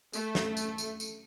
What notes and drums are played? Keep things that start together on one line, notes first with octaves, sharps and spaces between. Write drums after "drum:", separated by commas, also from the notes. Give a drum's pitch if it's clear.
A3, drum: tambourine
drum: snare
drum: tambourine
drum: tambourine
drum: tambourine